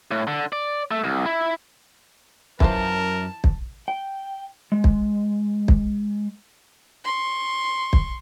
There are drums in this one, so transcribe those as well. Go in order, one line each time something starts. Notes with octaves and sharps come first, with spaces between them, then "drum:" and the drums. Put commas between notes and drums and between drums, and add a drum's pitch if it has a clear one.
A2
D3
D5
A3
C2
E4
F#2 E3 F4 A#4 C5 A5, drum: kick
drum: kick
G5
G#3
drum: kick
drum: kick
C6 C#6
drum: kick